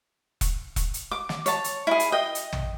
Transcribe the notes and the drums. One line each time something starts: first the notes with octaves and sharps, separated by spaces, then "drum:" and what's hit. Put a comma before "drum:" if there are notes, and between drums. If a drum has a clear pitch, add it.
drum: kick E1, hi-hat
drum: kick E1, hi-hat
drum: hi-hat
D6
drum: snare
C#5 A5, drum: hi-hat
drum: hi-hat
E4 G#4
drum: hi-hat
D#5 G5
drum: hi-hat
drum: tom